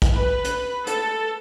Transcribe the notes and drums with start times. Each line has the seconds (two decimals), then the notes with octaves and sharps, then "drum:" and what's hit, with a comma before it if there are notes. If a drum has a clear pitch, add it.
0.02 drum: kick, hi-hat
0.14 B4
0.44 drum: hi-hat
0.87 A4, drum: hi-hat